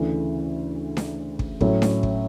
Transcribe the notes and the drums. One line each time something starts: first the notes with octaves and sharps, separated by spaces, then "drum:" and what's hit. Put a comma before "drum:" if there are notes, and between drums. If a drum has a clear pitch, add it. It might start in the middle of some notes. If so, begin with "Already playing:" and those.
Already playing: D2 C#3 E3 A3
drum: snare D4
drum: kick
A2 F#3 A3 C#4, drum: kick
drum: snare D4
drum: kick